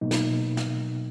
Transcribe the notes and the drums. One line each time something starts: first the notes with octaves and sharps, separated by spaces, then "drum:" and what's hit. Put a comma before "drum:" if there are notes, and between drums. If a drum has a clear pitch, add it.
B2 F#3 A#3 D#4
drum: snare
drum: snare